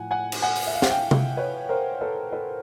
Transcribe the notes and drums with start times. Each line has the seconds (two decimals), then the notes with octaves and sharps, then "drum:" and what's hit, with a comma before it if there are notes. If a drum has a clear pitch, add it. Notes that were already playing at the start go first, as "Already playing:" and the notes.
Already playing: A2 F3 F#5 G#5
0.11 F#5 G#5
0.32 drum: cymbal
0.42 F#5 G#5
0.56 drum: open hi-hat
0.67 E5
0.75 F5
0.82 F#5, drum: snare
0.90 F5 G5
1.11 drum: tom C3
1.37 B4 C#5
1.69 A#4 C5
2.01 A4 B4
2.32 A4 B4